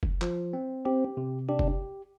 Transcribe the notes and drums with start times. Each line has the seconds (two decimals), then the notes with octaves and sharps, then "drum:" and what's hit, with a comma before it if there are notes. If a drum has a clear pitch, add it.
0.03 drum: kick F#1
0.22 F3, drum: clap
0.53 C4
0.85 C4 G4
1.17 C3
1.49 D4 G4
1.59 drum: kick F#1